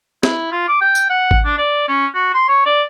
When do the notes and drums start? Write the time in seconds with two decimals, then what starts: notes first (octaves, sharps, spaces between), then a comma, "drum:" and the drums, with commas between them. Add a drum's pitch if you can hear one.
0.23 E4, drum: snare
0.52 F4
0.68 D6
0.81 G5
0.95 drum: tambourine
1.10 F#5
1.31 drum: kick G#1
1.45 D4
1.58 D5
1.88 C#4
2.14 F#4
2.34 C6
2.49 C#5
2.66 D5